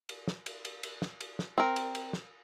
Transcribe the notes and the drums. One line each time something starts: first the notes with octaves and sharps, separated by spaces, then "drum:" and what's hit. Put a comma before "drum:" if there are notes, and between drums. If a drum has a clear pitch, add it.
drum: cymbal
drum: snare
drum: cymbal
drum: cymbal
drum: cymbal
drum: snare
drum: cymbal
drum: snare
C4 A#4
drum: cymbal
drum: cymbal
drum: snare